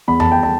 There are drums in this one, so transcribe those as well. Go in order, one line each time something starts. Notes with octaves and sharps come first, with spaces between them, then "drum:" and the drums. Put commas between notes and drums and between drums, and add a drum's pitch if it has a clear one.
E2 B5
A5, drum: tom F2
G5
A5